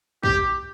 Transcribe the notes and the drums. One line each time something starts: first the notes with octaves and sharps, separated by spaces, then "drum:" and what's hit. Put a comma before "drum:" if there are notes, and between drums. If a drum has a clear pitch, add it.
G4, drum: kick